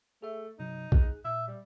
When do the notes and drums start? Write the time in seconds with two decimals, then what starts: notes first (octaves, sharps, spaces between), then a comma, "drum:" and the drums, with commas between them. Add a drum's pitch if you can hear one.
0.22 A3 G#4 E5
0.59 G2 C3 F#3 D#4
0.92 G#4 F#6, drum: kick B1
1.25 A#2 E5
1.48 G3